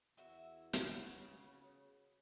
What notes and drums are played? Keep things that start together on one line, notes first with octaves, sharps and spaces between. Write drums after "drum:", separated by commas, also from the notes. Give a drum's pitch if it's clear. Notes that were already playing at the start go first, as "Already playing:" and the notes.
E2 E4 F#4 E5
drum: hi-hat
C#3 F#4 B4